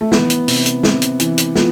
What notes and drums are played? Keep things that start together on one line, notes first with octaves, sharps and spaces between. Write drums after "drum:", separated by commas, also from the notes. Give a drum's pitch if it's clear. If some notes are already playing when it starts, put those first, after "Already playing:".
A3
E3 B3, drum: snare
drum: hi-hat
C3, drum: open hi-hat
drum: hi-hat
C3, drum: snare
drum: hi-hat
E3, drum: hi-hat
drum: hi-hat
F3 B3, drum: snare